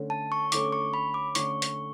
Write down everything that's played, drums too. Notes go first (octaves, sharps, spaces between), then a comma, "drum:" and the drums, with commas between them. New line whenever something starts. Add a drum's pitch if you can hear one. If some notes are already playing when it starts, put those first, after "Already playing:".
Already playing: D3 A3 C#4
A5
C#6
D3 A3 C#4 D6, drum: hi-hat
C#6
B5
D6
D3 A3 C#4 C#6, drum: hi-hat
drum: hi-hat